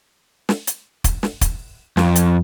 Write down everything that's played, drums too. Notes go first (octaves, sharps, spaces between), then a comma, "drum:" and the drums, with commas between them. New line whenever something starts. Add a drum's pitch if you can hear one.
drum: snare
drum: hi-hat
drum: kick, hi-hat
drum: snare
drum: kick, hi-hat
F2, drum: snare
drum: hi-hat